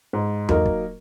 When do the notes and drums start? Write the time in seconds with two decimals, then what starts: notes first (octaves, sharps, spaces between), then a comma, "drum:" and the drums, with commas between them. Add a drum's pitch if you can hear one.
0.13 G#2
0.49 F#3 A#3 D#4 A#4, drum: tom E2
0.66 drum: kick